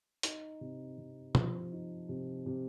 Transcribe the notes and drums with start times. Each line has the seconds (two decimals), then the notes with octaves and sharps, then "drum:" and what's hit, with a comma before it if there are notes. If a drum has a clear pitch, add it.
0.23 D#4, drum: hi-hat
0.61 C3
0.98 C3
1.35 F3, drum: tom
1.72 D#4
2.09 C3
2.46 C3